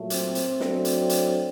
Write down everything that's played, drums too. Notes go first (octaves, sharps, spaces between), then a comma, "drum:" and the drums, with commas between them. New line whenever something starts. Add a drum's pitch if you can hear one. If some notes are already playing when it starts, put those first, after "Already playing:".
Already playing: A#2 F#3 A3
C4, drum: hi-hat
drum: hi-hat
D2 D3 F#3 A3, drum: snare
drum: hi-hat
drum: hi-hat